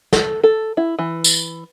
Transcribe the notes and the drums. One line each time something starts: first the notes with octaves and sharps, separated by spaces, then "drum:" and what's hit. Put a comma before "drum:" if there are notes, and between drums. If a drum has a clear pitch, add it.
A4, drum: snare
A4
E4
E3
drum: tambourine